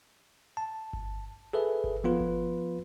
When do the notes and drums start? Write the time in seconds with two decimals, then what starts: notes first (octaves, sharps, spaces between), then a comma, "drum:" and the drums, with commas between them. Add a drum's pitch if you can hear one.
0.57 A5
0.93 drum: kick G1
1.53 G#4 A4 B4 E5
1.84 drum: kick G1
2.04 F3 B3 F4 B4
2.20 drum: kick G1